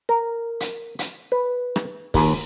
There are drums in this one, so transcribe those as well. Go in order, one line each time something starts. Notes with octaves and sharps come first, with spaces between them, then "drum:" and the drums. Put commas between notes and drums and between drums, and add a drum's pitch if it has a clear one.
A#4
drum: hi-hat
drum: hi-hat
B4
drum: rim click
D#2, drum: kick, open hi-hat